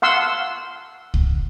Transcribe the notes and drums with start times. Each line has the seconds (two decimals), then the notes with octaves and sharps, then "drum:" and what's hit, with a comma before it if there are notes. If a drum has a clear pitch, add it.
0.02 F5 F#5 C6 E6
1.14 drum: kick C2